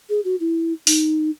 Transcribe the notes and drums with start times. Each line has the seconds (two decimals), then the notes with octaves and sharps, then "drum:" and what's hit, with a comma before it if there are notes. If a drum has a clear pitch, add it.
0.10 G#4
0.25 F#4
0.40 E4
0.87 D#4, drum: open hi-hat